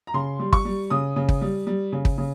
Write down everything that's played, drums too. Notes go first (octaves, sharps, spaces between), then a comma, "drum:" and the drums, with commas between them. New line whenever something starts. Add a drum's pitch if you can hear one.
A#5
C#3 C6
G3
C#6, drum: kick
G3
C#3 D#6
C#3
drum: kick
G3
G3
C#3
drum: kick
C#3